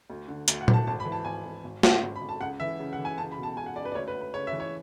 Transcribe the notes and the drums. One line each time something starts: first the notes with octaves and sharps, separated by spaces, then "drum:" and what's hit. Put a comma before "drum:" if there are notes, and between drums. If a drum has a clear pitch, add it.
D2
D3
D2, drum: hi-hat
F#5
D2, drum: tom A#2
A5
G#1 A5
B5
E3
A5
G#1 G#5
G#1
G#1
C#3, drum: snare
G#1
B5
G#1
A5
C#2 F#5
E3 E5
C#3
F#5
E3
G#5
C#2 A5
B5
B2
A5
C#2 G#5
F#5
C#2 D5
B4
D5
D2 C#5
B4
D2
B4
C#3 C#5
E5
E3
C#5